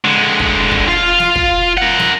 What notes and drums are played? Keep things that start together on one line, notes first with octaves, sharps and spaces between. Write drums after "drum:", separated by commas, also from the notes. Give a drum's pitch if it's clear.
D3 G#3
drum: kick
drum: kick
F4 F5
drum: snare
drum: kick
A#4 F#5
drum: snare